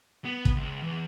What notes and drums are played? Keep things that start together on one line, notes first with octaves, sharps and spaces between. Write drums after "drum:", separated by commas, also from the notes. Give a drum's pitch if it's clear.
B3
drum: kick
C#2
E2